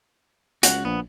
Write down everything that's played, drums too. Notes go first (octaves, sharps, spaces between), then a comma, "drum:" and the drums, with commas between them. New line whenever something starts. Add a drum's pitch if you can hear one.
C#2 F#4 F#5, drum: hi-hat
A#1 B3